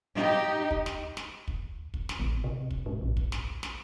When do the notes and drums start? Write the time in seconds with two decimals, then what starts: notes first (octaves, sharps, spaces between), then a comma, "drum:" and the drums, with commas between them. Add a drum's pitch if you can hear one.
0.15 D#4 G4
0.71 drum: kick
0.86 drum: snare
1.17 drum: snare
1.48 drum: kick
1.94 drum: kick
2.09 drum: snare
2.19 A1
2.44 C3
2.71 drum: kick
2.86 G#2
3.01 A#1
3.17 drum: kick
3.32 drum: snare
3.63 drum: snare